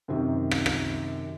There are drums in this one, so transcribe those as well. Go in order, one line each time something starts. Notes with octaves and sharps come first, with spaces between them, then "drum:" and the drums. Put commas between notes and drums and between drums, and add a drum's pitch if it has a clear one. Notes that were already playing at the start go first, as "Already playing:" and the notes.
F#2 C3 D#3
drum: rim click
drum: rim click